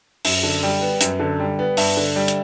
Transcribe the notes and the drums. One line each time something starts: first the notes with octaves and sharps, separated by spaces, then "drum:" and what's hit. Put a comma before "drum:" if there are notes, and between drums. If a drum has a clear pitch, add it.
F#2, drum: open hi-hat
D3
G3
B3
F#2, drum: hi-hat
D3
G3
B3
G2 E5, drum: open hi-hat
D3
G3
drum: hi-hat